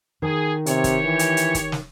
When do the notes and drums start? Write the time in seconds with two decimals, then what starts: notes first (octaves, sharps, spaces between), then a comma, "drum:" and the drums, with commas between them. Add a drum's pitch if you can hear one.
0.22 D#3 G#4
0.66 C3 G4 C#5, drum: hi-hat
0.84 drum: kick, hi-hat
1.05 E3
1.19 drum: hi-hat
1.37 drum: hi-hat
1.55 drum: kick, hi-hat
1.72 drum: snare